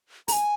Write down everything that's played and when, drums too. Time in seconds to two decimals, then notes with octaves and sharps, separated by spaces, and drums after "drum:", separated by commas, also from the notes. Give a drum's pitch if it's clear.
0.28 A#5, drum: open hi-hat
0.33 G#5